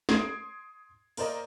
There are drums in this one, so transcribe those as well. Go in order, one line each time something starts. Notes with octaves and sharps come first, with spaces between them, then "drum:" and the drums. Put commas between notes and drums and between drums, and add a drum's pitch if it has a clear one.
C6 D#6 G#6 C7 D7, drum: snare
A#3 A#4 C5 D5 D#5, drum: open hi-hat